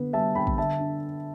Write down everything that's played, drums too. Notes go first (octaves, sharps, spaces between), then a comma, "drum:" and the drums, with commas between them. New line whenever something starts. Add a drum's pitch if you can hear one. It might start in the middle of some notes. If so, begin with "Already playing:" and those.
Already playing: D3 B3 B4
G3 E5 A5
D3 G5 B5
drum: kick
D3 E5 A5
D4